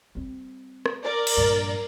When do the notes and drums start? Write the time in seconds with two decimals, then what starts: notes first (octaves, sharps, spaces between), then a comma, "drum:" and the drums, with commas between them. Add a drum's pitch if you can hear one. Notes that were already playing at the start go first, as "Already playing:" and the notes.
0.15 G3 C4
0.86 drum: rim click
1.03 A#4 D5
1.27 drum: cymbal
1.37 A#1 G2